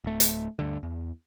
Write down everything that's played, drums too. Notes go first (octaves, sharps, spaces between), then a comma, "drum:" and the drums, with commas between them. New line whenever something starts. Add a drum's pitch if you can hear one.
D1 A3
drum: hi-hat
D2 G2 D3
E2